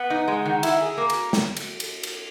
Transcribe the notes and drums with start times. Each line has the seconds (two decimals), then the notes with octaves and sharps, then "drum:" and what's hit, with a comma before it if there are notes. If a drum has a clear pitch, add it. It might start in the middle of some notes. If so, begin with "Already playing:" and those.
Already playing: B3 F#5
0.10 D#4
0.28 G#3
0.45 D#3
0.63 E4, drum: cymbal
0.81 G#4
0.97 A#3
1.10 drum: cymbal
1.33 drum: snare
1.57 drum: cymbal
1.80 drum: cymbal
2.03 drum: cymbal